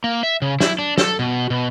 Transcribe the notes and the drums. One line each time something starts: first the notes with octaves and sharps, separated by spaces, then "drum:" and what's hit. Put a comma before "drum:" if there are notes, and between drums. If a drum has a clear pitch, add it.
A#3
E5
C#3
E4, drum: snare
D4
A4, drum: snare
B2
B2